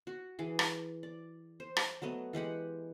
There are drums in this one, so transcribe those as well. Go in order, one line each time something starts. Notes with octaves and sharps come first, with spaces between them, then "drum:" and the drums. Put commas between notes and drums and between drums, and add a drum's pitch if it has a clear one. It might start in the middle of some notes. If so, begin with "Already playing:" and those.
F#4
E3 G#4
drum: rim click
D5
C5
drum: rim click
F#3 A3 B3 D#5
E3 G#3 G4 F#5